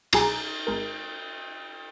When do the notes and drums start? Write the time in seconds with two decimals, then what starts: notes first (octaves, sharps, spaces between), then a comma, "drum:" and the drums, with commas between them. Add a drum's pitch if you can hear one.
0.13 C2 B2 F#3 G#4 G#5 A#5, drum: cymbal
0.67 G#1 G#3 A#4